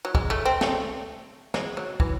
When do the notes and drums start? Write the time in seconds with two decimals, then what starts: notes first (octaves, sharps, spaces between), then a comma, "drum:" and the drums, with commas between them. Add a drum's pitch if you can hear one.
0.05 F#3
0.15 G#3, drum: kick
0.30 A3
0.45 C4
0.61 A3, drum: snare
1.54 G#3, drum: snare
1.77 F#3
2.00 E3, drum: kick